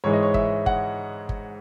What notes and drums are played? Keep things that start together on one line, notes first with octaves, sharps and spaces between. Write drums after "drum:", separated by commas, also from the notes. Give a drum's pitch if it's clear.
G#2 E3 G#3 C#5
D#5
C#5
E5, drum: kick G1
F#5, drum: kick G1
drum: kick G1